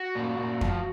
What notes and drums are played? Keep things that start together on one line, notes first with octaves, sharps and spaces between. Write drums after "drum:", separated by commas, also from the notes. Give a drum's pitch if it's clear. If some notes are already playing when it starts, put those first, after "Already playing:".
Already playing: F#4
A#2
A#2
F3, drum: kick F2